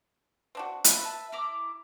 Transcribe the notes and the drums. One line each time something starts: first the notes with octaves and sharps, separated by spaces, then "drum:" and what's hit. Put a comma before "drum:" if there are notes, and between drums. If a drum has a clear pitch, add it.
C4 D4 F#4
F3 B4 E5 B5, drum: hi-hat
A5
E4 A#5 D6